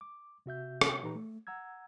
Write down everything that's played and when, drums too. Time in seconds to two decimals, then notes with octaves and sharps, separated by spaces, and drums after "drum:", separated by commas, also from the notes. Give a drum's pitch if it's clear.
0.01 D6
0.46 C3 F#4 E5 G6
0.81 drum: rim click
1.02 A#2 E3 D#4 G4 B4 A#5
1.15 A3
1.47 F#5 A#5 E6 G#6